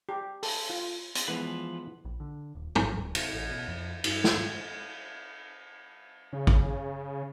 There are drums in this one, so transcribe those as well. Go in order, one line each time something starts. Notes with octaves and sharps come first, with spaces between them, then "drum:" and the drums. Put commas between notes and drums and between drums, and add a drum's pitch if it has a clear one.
G4
A4, drum: open hi-hat
F4
drum: hi-hat
E3 F3 G#3 B3 B4
A#1
D3
D#1
A1, drum: tom
D1
C3, drum: cymbal
A1
B2
F2
G2, drum: cymbal
drum: snare
G#2
C#3
drum: kick